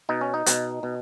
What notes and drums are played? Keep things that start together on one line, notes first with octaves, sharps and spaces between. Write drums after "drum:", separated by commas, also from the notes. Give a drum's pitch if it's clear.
B2 D#4
C#4
D#4
B2, drum: hi-hat
B2